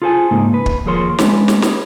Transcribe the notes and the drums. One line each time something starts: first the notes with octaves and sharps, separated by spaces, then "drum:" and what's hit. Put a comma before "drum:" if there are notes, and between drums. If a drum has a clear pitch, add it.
F4 G#4 A4 C5 E5 G#5
G#2 C#3 A#3 D#4
B4
drum: kick
D#2 F3 G#4 A#4 C#5 C6
G#3 B3 C#4 D4 E4, drum: snare
drum: snare
G#4 C#5, drum: snare